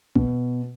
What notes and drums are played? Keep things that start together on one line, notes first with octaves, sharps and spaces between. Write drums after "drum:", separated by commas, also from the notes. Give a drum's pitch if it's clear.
B2, drum: kick